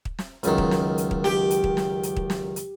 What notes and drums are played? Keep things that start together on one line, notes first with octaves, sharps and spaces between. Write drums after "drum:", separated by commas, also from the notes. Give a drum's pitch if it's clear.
drum: kick
drum: snare
C#2 F#2 D#3, drum: hi-hat
drum: kick
drum: snare
drum: hi-hat
drum: kick
G4, drum: snare
drum: hi-hat
drum: kick
drum: snare
drum: hi-hat
drum: kick
drum: snare
drum: hi-hat